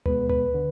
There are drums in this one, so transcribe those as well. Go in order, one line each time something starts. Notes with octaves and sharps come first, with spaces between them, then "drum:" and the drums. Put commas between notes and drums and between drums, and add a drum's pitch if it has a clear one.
B2 G#3 B3 B4, drum: tom D2
B4, drum: tom D2
D3